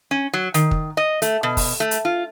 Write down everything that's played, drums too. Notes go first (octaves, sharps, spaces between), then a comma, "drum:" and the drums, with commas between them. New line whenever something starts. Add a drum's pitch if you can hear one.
C#4
F#3
D#3, drum: hi-hat
drum: kick
D#5
A3, drum: hi-hat
B2
drum: kick, open hi-hat
A3
drum: hi-hat
F4